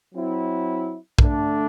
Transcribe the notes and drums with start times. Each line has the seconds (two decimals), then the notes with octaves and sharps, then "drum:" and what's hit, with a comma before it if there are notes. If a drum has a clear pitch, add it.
0.14 F#3 C4 E4
1.18 D3 A3 D4, drum: kick